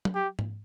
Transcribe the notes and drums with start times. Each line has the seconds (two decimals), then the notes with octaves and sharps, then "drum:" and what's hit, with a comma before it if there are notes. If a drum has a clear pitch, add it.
0.05 drum: tom
0.15 G4
0.39 drum: tom G#2